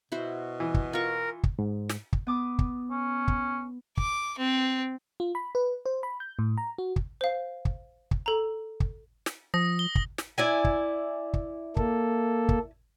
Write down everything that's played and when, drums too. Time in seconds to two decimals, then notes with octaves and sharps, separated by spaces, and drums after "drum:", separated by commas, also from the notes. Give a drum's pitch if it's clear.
0.12 B2 E4 F#4 C5
0.60 E3
0.74 drum: kick
0.93 F4 A#4 C#6
1.43 drum: kick
1.59 G#2
1.90 drum: snare
2.13 drum: kick
2.27 B3 D6 D#6
2.59 drum: kick
2.91 C#4
3.28 drum: kick
3.97 D6, drum: kick
4.38 C4
5.20 F4
5.35 B5
5.55 B4
5.86 C5
6.03 B5
6.20 G6
6.39 A2
6.58 A#5
6.78 F#4
6.96 drum: kick
7.21 C5 F5
7.65 drum: kick
8.11 drum: kick
8.26 A4 A#5
8.80 drum: kick
9.26 drum: snare
9.54 F3 D#6 A#6
9.79 G7
9.95 drum: kick
10.18 drum: snare
10.38 E4 D5 G#5
10.64 drum: kick
11.33 drum: kick
11.77 A#3 A4, drum: kick
12.49 drum: kick